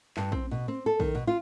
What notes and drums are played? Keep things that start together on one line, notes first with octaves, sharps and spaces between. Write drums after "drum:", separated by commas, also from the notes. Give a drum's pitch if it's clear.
G2, drum: clap
C4, drum: kick A#1
B2
C4
A4
D#3, drum: kick A#1
B2
F4